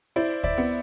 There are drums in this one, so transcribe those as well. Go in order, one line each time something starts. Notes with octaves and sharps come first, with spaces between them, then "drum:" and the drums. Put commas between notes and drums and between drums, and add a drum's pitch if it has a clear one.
E4 C5 D5
D5 E5, drum: kick D2
B3